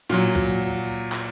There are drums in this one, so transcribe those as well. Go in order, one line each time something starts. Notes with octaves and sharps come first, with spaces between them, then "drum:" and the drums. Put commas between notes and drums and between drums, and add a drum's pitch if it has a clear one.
A#2 F#3, drum: open hi-hat
drum: kick, hi-hat
drum: hi-hat
drum: clap